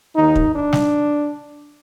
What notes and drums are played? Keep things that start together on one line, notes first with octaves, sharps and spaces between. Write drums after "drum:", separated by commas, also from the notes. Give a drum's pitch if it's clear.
D#2 D#3 D#4
drum: kick
D4
drum: snare